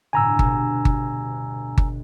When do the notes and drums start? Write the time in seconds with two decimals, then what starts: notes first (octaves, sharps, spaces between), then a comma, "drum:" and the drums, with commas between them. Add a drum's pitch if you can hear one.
0.13 G1 C2 A2 G#5 A#5 E6
0.39 D2 B2, drum: kick G1
0.85 drum: kick G1
1.78 drum: kick G1